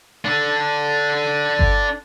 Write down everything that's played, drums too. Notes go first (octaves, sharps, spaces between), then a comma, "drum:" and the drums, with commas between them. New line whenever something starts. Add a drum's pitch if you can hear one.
D4 A4
drum: kick G1